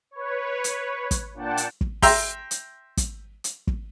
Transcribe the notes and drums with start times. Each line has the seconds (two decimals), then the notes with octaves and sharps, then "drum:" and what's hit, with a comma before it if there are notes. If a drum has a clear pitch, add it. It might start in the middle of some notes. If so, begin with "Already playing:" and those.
0.11 B4 C#5
0.64 drum: hi-hat
1.11 drum: kick, hi-hat
1.34 A#2 D4 F#5 G5 A5
1.57 drum: hi-hat
1.81 drum: kick
2.02 E5 G5 A#5 C6, drum: kick, open hi-hat
2.51 drum: hi-hat
2.97 drum: kick, hi-hat
3.44 drum: hi-hat
3.67 drum: kick